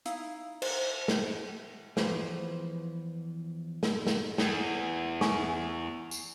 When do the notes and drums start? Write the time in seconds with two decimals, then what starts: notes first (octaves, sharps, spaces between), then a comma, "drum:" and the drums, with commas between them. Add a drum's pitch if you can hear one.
0.05 D#4 E4 F5, drum: hi-hat
0.62 C5, drum: cymbal
1.08 drum: snare
1.97 E2 E3 F3 F4 B4 C5, drum: snare
3.83 drum: snare
4.07 drum: snare
4.38 E2, drum: snare
5.21 G#5 C#6, drum: snare
6.11 drum: tambourine